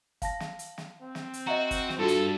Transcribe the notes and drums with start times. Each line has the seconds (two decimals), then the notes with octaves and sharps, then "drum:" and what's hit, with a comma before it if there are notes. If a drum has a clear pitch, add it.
0.22 F5 A5 A#6, drum: kick, hi-hat
0.40 drum: snare
0.59 drum: hi-hat
0.78 drum: snare
1.02 C4
1.15 drum: snare
1.34 drum: hi-hat
1.47 F#4 D#5 E5 A#5
1.71 drum: kick, hi-hat
1.89 drum: snare
1.99 G2 F4 F#4 A4
2.08 drum: hi-hat